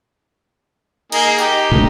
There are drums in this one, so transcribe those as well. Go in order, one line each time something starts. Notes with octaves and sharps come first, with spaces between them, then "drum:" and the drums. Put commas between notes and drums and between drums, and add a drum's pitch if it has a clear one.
A#3 D#4 G#4, drum: cymbal
D#4 G4, drum: tambourine
A2 D3